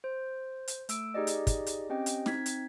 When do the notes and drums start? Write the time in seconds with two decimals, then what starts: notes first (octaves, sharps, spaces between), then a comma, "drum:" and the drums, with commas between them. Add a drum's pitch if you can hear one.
0.04 C5
0.68 drum: hi-hat
0.89 A3 E6 D7, drum: hi-hat
1.14 D#4 G4 G#4 D5 D#5
1.27 drum: hi-hat
1.47 drum: kick, hi-hat
1.66 drum: hi-hat
1.90 C4 C#4 G4 D#5 G5
2.06 drum: hi-hat
2.26 C4 D#4 G#6 B6, drum: snare
2.46 drum: hi-hat